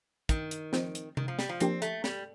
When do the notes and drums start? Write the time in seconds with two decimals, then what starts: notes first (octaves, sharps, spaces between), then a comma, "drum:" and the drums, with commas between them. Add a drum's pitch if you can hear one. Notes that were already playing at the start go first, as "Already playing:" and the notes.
0.29 D#3, drum: kick, hi-hat
0.51 drum: hi-hat
0.73 F3 C4 D#4, drum: snare
0.95 drum: hi-hat
1.17 D#3, drum: tom C3
1.28 F3
1.39 G3, drum: snare
1.49 F3
1.60 F3 A#3 C4 D4 G4, drum: hi-hat
1.82 A3, drum: hi-hat
2.04 G3, drum: snare